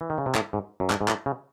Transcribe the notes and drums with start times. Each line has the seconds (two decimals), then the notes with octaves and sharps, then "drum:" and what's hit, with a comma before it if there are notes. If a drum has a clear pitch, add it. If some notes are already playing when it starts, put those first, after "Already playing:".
0.01 E3
0.10 D#3
0.18 C#3
0.26 C3
0.35 A2, drum: clap
0.53 G#2
0.80 F#2
0.90 G#2, drum: clap
1.01 G#2
1.08 A2, drum: clap
1.26 C#3